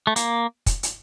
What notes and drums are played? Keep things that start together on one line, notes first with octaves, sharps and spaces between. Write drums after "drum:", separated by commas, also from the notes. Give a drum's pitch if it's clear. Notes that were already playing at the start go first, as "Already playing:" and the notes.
A3
A#3, drum: hi-hat
drum: kick, hi-hat
drum: hi-hat